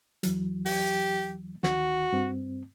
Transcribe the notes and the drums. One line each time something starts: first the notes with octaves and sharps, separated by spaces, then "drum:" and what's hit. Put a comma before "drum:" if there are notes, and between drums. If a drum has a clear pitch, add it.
E2 E3 F#3, drum: hi-hat
G4, drum: open hi-hat
D2 D#3 F#4, drum: snare
G2 C4